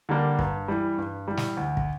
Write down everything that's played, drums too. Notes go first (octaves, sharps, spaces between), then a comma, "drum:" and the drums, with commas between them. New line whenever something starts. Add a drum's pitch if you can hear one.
D3 G3 A#3 D4
G2, drum: kick
E3 G3
G2
E3 G3
drum: snare
D2
drum: kick